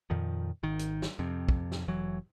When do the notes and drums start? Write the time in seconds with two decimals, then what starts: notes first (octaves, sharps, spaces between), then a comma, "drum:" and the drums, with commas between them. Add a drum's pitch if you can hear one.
0.10 F2 A#2 D#3 F3
0.63 G#1 D#3
0.79 drum: hi-hat
1.02 drum: snare
1.19 F2 C3
1.49 drum: kick
1.72 drum: snare
1.88 F1 E3 F#3